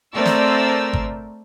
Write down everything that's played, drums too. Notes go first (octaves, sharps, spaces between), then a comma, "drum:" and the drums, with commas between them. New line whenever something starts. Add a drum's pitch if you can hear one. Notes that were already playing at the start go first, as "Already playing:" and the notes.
A3 C4 A#4 C5 D5 E6
drum: snare
drum: kick G#1